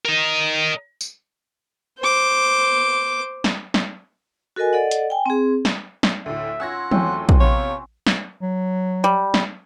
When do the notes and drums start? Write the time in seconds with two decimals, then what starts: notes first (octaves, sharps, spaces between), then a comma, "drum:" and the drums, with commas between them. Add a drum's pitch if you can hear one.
0.05 A#4 D#5
1.01 drum: tambourine
2.00 C5 D6
3.44 drum: snare
3.74 drum: snare
4.56 F#4 A4 A#4 D#5 G#5
4.73 A4 D5 D#5 F#5
4.91 drum: hi-hat
5.10 G5 G#5
5.26 C4 G#4
5.65 drum: snare
6.03 drum: snare
6.26 D2 A2 E5
6.60 C#4 F4 F#5 E6 G#6 A#6
6.91 E2 E3 F#3 A3 C4 C#4, drum: tom
7.29 drum: kick
7.40 C3 B3 C#5 F5
8.07 drum: snare
8.41 F#3
9.04 G3
9.34 drum: snare